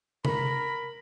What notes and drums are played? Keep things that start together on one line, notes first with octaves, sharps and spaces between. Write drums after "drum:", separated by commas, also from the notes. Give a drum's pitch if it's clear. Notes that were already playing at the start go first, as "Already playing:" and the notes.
A#4 B5, drum: tom C3